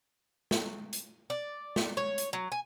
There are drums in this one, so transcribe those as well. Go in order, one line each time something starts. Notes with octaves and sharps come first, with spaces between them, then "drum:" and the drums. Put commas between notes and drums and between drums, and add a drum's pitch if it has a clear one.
drum: snare
drum: hi-hat
D5
drum: snare
C#5
drum: hi-hat
F#3
G#5